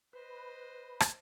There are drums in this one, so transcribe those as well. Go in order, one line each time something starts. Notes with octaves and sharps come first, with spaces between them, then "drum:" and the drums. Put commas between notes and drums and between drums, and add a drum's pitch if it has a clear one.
B4 C5 D#5
drum: rim click